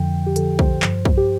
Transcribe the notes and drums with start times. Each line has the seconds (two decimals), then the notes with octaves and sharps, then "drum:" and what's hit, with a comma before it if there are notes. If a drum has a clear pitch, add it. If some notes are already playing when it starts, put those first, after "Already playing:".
Already playing: F2 D3 F3 G5
0.26 G4
0.36 F2 D3 F3 A4, drum: hi-hat
0.59 C5, drum: kick
0.82 G2 F3, drum: clap
1.05 drum: kick
1.17 G4